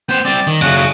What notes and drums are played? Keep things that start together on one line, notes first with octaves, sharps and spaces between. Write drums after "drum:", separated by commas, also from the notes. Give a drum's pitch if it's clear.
B3 C5 G5
G3 C4 D5
D#3
F#2 C#3 F#4, drum: cymbal
F#4